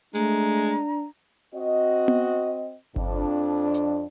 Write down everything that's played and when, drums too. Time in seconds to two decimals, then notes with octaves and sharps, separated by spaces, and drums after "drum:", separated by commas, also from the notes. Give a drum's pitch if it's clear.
0.14 G#3 A3 D4 A#5, drum: hi-hat
1.54 C4 F#4 D#5
2.08 drum: tom B3
2.96 F2 D4, drum: kick G1
3.74 drum: hi-hat